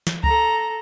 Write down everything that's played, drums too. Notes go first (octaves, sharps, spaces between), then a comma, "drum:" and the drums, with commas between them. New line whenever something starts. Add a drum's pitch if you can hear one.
drum: snare
A4 A#5, drum: kick C#2